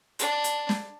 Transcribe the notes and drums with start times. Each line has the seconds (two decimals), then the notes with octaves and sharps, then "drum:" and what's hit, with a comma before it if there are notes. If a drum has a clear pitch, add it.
0.19 D4, drum: hi-hat
0.44 drum: hi-hat
0.69 drum: snare